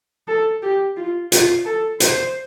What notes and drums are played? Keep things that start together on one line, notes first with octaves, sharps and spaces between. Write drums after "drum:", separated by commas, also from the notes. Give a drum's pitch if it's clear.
A4
G4
F4
F4, drum: hi-hat
A4
C5, drum: hi-hat